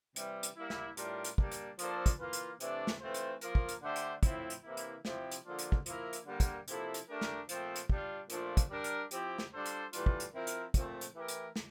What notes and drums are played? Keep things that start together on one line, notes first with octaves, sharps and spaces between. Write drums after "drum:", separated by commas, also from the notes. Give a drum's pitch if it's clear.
C3 E3 G3, drum: hi-hat
drum: hi-hat
G3 A#3 E4
drum: snare
A2 G3 D4 F4 A#4, drum: hi-hat
drum: hi-hat
G3 A#3 D4, drum: kick
drum: hi-hat
F3 A#3 D4 A4 C5, drum: hi-hat
drum: kick, hi-hat
E3 A#3 F4
drum: hi-hat
C3 E3 A3 D4, drum: hi-hat
drum: snare
E3 A3 C4 F4 C5
drum: hi-hat
F3 A#3 F4 A#4, drum: hi-hat
drum: kick
drum: hi-hat
D3 A3 D4 G4 C5
drum: hi-hat
A2 F3 C4 E4, drum: kick, hi-hat
drum: hi-hat
C3 E3 A#3 E4
drum: hi-hat
C3 F3 C4 E4 G4, drum: snare
drum: hi-hat
D3 F3 A#3 D4 F4
drum: hi-hat
drum: kick
F3 A#3 E4 A#4, drum: hi-hat
drum: hi-hat
D3 G3 A#3
drum: kick, hi-hat
C3 F3 A#3 E4 A4, drum: hi-hat
drum: hi-hat
A3 D4 G4 A#4
drum: snare
A#2 F3 A3 C4, drum: hi-hat
drum: hi-hat
G3 D4 F4, drum: kick
A#2 F3 A3 D4 F4, drum: hi-hat
drum: kick, hi-hat
G3 D4 G4 A#4
drum: hi-hat
F3 C4 E4 G4, drum: hi-hat
drum: snare
G3 D4 F4 A4 C5
drum: hi-hat
A2 E3 G3 D4 F4, drum: hi-hat
drum: kick
drum: hi-hat
F3 C4 E4 A#4
drum: hi-hat
A#2 F3 A3 C4, drum: kick, hi-hat
drum: hi-hat
E3 A3 E4 G4 A#4
drum: hi-hat
drum: snare